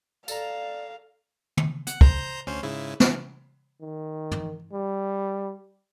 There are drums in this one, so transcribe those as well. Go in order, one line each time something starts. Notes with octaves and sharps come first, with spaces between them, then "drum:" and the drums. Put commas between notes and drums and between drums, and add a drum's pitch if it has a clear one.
A4 D5 F5 A#5, drum: tambourine
drum: tom
F#5, drum: hi-hat
C5 A#5 G6, drum: kick
D2 C#4 C5
G#2 C#3 E4
E3, drum: snare
D#3
drum: tom
G3